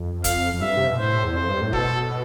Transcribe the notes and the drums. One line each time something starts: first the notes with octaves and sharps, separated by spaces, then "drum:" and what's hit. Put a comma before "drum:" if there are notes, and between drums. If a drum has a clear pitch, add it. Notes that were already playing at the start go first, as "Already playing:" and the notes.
Already playing: F2
F5, drum: kick F1, hi-hat
F2
G2 E5
C3
B2
A2 C5
E2
F2 C5
G2
A2
B2 A4, drum: kick F1